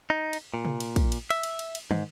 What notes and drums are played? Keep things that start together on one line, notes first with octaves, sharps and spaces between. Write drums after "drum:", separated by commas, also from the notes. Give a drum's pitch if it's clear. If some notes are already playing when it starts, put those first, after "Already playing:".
D#4
drum: cymbal
A#2
drum: tom C3
drum: cymbal
drum: kick, cymbal
drum: cymbal
E5, drum: cymbal
drum: cymbal
drum: cymbal
drum: cymbal
G#2, drum: tom